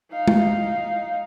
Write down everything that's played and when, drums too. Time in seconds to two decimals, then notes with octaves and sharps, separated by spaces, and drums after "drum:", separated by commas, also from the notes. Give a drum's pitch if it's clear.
0.12 D#4 F5
0.28 drum: tom